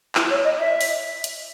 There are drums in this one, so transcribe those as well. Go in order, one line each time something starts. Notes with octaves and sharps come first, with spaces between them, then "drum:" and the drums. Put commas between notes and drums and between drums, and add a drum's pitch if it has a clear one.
E4, drum: clap
C#5
D#5
E5
drum: open hi-hat
drum: hi-hat